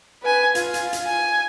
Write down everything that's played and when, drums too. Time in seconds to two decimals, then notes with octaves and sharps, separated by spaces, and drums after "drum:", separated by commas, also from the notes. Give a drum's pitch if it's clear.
0.23 B4 G#5
0.55 F4, drum: hi-hat
0.74 drum: hi-hat
0.93 drum: hi-hat
1.07 G#5